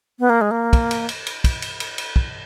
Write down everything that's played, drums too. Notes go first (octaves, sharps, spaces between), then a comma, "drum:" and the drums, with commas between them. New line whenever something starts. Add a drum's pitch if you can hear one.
B3
A#3
G#3
A#3
drum: kick, cymbal
drum: cymbal
drum: cymbal
drum: cymbal
drum: kick, cymbal
drum: cymbal
drum: cymbal
drum: cymbal
drum: kick